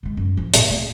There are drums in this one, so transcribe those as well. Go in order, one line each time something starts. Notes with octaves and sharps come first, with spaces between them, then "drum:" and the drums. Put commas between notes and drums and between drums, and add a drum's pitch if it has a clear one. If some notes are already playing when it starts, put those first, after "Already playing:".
D3 G#3
F#2
F3
A#2, drum: hi-hat
A3